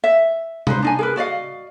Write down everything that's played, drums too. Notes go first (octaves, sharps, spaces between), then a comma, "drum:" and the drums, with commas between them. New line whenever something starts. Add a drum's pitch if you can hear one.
E5
D#4 B4 C5, drum: tom C3
D4 D#4 G#5
G#4 A#4 B4
F#4 D5 D#5 F5